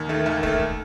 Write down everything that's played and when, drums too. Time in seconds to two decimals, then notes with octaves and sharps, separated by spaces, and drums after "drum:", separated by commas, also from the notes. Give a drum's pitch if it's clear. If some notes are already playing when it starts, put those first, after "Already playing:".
Already playing: D#2
0.09 D#3 A3
0.26 D#2
0.43 D#3 A3, drum: kick
0.60 drum: kick